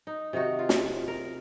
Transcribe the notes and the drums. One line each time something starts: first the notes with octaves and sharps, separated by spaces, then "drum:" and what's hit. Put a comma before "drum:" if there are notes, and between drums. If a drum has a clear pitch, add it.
D#4
C3 D#3 D#4 F#4
F4
drum: snare
A#4